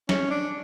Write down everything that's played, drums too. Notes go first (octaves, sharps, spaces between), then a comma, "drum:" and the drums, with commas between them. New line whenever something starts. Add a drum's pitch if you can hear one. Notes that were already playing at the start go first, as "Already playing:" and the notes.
C#4, drum: snare
D4